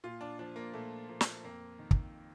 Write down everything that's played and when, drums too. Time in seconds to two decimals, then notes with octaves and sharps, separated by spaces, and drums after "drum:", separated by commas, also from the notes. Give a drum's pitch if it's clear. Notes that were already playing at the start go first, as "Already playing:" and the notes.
0.04 A#2 F4
0.21 D4
0.39 F3 D4
0.56 A#3
0.73 A#2 A3
1.09 F3 A#3
1.21 drum: snare
1.44 F2 A#3
1.79 D#3
1.91 drum: kick